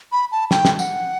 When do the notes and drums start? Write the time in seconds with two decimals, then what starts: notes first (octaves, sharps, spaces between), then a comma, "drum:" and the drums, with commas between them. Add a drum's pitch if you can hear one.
0.12 B5
0.32 A5
0.51 G5, drum: snare
0.65 drum: snare
0.79 F#5, drum: tambourine